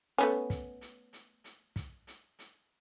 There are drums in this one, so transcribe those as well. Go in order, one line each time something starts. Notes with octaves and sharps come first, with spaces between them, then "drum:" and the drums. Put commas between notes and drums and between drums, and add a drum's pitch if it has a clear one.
A3 B3 C#4, drum: hi-hat
drum: kick, hi-hat
drum: hi-hat
drum: hi-hat
drum: hi-hat
drum: kick, hi-hat
drum: hi-hat
drum: hi-hat